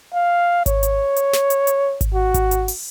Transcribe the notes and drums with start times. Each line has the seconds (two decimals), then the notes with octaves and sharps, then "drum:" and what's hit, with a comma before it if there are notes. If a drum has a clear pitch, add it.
0.13 F5
0.66 C#5, drum: kick G#1, hi-hat
0.83 drum: hi-hat
1.16 drum: hi-hat
1.33 drum: snare
1.50 drum: hi-hat
1.67 drum: hi-hat
2.01 drum: kick G#1, hi-hat
2.14 F#4
2.34 drum: kick G#1, hi-hat
2.51 drum: hi-hat
2.68 drum: open hi-hat